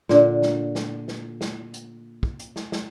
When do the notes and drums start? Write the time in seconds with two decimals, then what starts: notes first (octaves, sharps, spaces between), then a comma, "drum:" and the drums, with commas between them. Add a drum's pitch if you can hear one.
0.09 A#2 D3, drum: snare
0.42 drum: snare
0.75 drum: snare
1.08 drum: snare
1.41 drum: snare
1.74 drum: hi-hat
2.23 drum: kick
2.39 drum: hi-hat
2.56 drum: snare
2.72 drum: snare